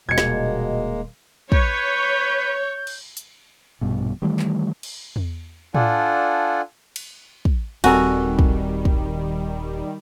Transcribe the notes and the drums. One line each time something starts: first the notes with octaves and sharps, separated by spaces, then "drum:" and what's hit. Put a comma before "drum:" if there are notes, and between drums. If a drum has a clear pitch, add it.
D#1 B2 G#3 A#3 G#6 C#7
drum: snare
B4 C#5 G6, drum: kick
drum: cymbal
drum: hi-hat
A#1 G2 B2
D#3 E3 G3 A3
drum: clap
drum: cymbal
drum: tom E2
D4 F4 A4 D5 F#5 G#5, drum: tom A2
drum: cymbal
drum: kick
D#1 D#3 G3 C4 F#4 A4 A#4 G#5, drum: cymbal
drum: kick
drum: kick